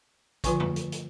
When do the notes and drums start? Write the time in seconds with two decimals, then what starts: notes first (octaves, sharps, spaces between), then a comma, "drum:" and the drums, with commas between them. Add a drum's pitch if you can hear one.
0.44 D3 F3 F4 B4 G#5 C#6, drum: kick, hi-hat
0.60 drum: tom F2
0.76 drum: hi-hat
0.92 drum: hi-hat